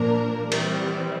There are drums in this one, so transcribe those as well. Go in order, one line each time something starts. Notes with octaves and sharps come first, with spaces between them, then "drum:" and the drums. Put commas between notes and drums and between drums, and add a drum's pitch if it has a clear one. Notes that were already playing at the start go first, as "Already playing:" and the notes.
Already playing: A#2 F3 A#3 D4 A#4
E3 G3 C4, drum: cymbal